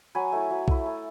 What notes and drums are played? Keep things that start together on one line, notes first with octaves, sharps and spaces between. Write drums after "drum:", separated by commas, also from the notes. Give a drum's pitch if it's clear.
F#3 G#5 B5
A3 E4
F#3
A3 E4, drum: kick
A3